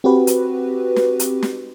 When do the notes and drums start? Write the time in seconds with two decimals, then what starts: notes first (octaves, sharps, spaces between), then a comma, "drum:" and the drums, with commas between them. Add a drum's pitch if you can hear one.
0.04 C4 F#4 G4 B4
0.27 drum: hi-hat
0.96 drum: snare
1.19 drum: hi-hat
1.43 drum: snare